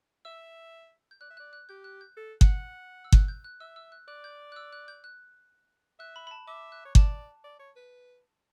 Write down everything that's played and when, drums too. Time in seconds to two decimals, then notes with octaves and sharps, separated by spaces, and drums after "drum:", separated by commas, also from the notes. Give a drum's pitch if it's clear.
0.25 E5 E6
1.11 G6
1.21 D5 F#6
1.30 E5
1.37 D5 F#6
1.53 F#6
1.69 G4 G6
1.84 F#6
2.01 G6
2.17 A4
2.41 F#5, drum: kick G1
3.05 E6
3.12 F#6, drum: kick G1
3.28 G6
3.44 F#6
3.60 E5 E6
3.76 E6
3.92 F#6
4.08 D5 F#6
4.24 G6
4.52 F#6
4.56 E6
4.73 F#6
4.88 G6
5.04 F#6
5.99 E5 F#6
6.16 B5
6.27 B5
6.31 A5
6.47 E5 D6
6.72 F#6
6.85 C#5
6.95 D5 A5, drum: kick G1
7.44 D5
7.59 C#5
7.76 B4